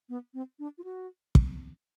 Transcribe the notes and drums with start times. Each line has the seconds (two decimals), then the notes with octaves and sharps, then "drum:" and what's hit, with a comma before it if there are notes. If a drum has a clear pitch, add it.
0.09 B3
0.34 C4
0.59 D4
0.78 F4
0.84 F#4
1.35 drum: kick